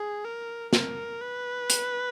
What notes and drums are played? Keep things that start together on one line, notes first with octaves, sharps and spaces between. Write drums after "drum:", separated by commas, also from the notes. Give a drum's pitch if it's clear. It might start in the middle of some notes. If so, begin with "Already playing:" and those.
Already playing: G#4
A#4
A#4, drum: snare
B4
drum: hi-hat